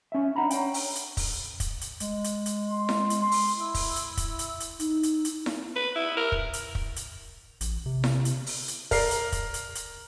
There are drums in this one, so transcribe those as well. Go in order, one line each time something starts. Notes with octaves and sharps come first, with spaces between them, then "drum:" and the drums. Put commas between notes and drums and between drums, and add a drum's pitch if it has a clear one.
C#4 E5
D4 F#5 A#5 B5
C#5 G5, drum: hi-hat
drum: open hi-hat
drum: hi-hat
drum: kick, open hi-hat
drum: kick, hi-hat
drum: hi-hat
G#3, drum: hi-hat
drum: hi-hat
drum: hi-hat
C6
drum: snare E4
drum: hi-hat
C6
drum: open hi-hat
E4 E6
drum: kick, open hi-hat
drum: hi-hat
drum: kick, hi-hat
drum: hi-hat
drum: hi-hat
D#4, drum: hi-hat
drum: hi-hat
drum: hi-hat
drum: snare E4
B4
E4
A#4
drum: kick
drum: hi-hat
drum: kick
drum: hi-hat
A1, drum: hi-hat
C3
drum: snare E4
drum: hi-hat
drum: open hi-hat
drum: hi-hat
A#4 D5 C7, drum: kick, open hi-hat
drum: hi-hat
drum: kick, hi-hat
drum: hi-hat
drum: hi-hat